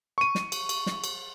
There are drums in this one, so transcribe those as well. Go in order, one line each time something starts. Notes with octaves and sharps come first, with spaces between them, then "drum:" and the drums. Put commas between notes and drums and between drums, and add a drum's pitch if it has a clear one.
C#6 D#7
drum: snare
drum: cymbal
drum: cymbal
drum: snare
drum: cymbal